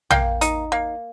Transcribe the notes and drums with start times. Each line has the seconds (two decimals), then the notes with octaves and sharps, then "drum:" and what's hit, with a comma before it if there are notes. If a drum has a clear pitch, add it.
0.10 A#3 F5 G5, drum: tom A#1
0.41 D#4, drum: hi-hat
0.72 A#3